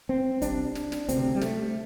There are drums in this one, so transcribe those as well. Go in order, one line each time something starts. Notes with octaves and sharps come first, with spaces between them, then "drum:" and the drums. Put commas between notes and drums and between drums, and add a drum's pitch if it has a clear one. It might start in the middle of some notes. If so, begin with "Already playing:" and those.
C4
C2 C3 D4, drum: kick, hi-hat
drum: snare
drum: snare
D2 C3 C4, drum: hi-hat
G3
A3, drum: snare